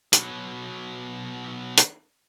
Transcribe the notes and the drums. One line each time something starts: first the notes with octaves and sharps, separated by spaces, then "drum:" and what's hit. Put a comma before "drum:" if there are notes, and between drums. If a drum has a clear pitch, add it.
B2 F#3, drum: hi-hat
drum: hi-hat